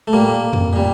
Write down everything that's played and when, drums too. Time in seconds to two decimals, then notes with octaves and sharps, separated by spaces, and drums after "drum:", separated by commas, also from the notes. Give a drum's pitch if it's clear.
0.07 A3
0.13 A#2 G3 A#3
0.53 drum: tom F2
0.73 A#2 G3